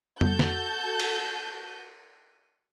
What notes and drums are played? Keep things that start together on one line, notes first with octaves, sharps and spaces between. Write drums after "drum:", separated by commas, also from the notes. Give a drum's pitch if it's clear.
F#4 A4 A5 G6, drum: tom
drum: snare
drum: cymbal